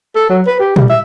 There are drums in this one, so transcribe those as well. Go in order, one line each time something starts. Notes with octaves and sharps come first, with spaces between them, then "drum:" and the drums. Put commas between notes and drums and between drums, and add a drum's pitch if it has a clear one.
A4
F#3
B4
G4
G3, drum: tom
E5